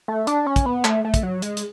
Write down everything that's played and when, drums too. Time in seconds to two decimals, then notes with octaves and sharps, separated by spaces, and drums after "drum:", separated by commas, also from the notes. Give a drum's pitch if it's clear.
0.08 A3
0.27 D4, drum: hi-hat
0.46 C#4
0.56 drum: kick, hi-hat
0.66 B3
0.85 A3, drum: clap
1.05 A3
1.14 drum: kick, hi-hat
1.23 F#3
1.42 G#3, drum: hi-hat
1.57 drum: hi-hat